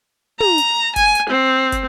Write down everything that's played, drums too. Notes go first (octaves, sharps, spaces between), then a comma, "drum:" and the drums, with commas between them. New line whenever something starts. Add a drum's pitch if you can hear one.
A#5, drum: tom
drum: hi-hat
G#5, drum: kick, hi-hat
drum: hi-hat
C4
drum: kick, hi-hat